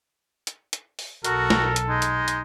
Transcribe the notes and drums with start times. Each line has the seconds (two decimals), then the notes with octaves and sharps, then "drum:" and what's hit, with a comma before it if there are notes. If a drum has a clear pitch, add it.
0.47 drum: hi-hat
0.73 drum: hi-hat
0.99 drum: open hi-hat
1.25 B1 F#4 A4 A#4, drum: hi-hat
1.50 drum: snare
1.76 drum: hi-hat
1.89 G#3 D#4
2.02 drum: hi-hat
2.28 drum: hi-hat